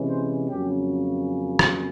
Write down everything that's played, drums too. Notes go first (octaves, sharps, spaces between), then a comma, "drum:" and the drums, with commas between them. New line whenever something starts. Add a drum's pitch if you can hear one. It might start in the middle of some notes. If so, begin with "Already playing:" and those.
Already playing: C3 E3 G#3 C#4
C5
F2 C#3 F#3 A#3 C#4 G4
drum: rim click